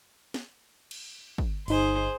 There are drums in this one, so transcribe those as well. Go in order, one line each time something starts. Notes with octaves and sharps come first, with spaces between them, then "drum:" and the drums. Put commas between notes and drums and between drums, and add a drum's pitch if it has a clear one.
drum: snare
drum: cymbal
drum: kick
G1 D#4 G#4 C5, drum: open hi-hat